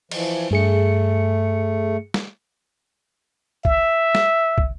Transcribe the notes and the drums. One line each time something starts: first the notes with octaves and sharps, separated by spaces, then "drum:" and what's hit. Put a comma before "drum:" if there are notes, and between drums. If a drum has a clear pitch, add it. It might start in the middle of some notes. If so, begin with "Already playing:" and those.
E3 F3, drum: cymbal
G2 A3 G#4 C#7
drum: snare
E5, drum: kick
drum: snare
drum: kick